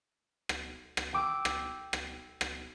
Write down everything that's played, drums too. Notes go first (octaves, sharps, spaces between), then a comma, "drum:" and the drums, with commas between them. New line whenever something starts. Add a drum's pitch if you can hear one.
drum: rim click
drum: rim click
G5 D6 E6
drum: rim click
drum: rim click
drum: rim click